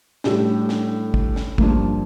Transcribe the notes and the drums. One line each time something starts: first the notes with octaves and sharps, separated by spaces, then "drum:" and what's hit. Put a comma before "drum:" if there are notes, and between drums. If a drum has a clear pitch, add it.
A2 G3 D4 G4, drum: snare
drum: snare
drum: kick
drum: snare
G2 F3 A#3, drum: kick